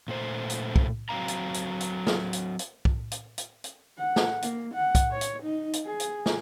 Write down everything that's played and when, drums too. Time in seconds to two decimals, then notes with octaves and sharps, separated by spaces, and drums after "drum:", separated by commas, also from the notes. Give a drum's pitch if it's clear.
0.08 A#2 A3 C5
0.49 drum: hi-hat
0.76 drum: kick
1.09 F#3 C4 D#5 F5 A#5
1.28 drum: hi-hat
1.54 drum: hi-hat
1.80 drum: hi-hat
2.07 drum: snare
2.33 drum: hi-hat
2.59 drum: hi-hat
2.85 drum: kick
3.11 drum: hi-hat
3.38 drum: hi-hat
3.64 drum: hi-hat
3.98 F#5
4.16 drum: snare
4.42 A#3, drum: hi-hat
4.74 F#5
4.95 drum: kick, hi-hat
5.11 C#5
5.21 drum: hi-hat
5.43 D#4
5.73 drum: hi-hat
5.86 G#4
6.00 drum: hi-hat
6.26 drum: snare